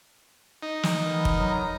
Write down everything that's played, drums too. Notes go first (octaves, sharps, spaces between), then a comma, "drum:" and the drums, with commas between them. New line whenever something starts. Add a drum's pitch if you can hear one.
D#4
drum: snare
E3 B3 A#4
drum: kick
F#3